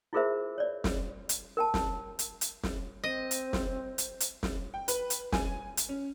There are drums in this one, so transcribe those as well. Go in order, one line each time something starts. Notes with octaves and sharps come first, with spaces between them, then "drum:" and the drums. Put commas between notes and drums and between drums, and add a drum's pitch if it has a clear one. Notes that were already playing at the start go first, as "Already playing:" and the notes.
E4 F4 G#4 A#4 C5 E5
C#5 D5
drum: snare
drum: hi-hat
A#4 G5 A5
drum: snare
drum: hi-hat
drum: hi-hat
drum: snare
C4 C5 D#5
drum: hi-hat
drum: snare
drum: hi-hat
drum: hi-hat
drum: snare
G5
B4, drum: hi-hat
drum: hi-hat
G#5, drum: snare
drum: hi-hat
C#4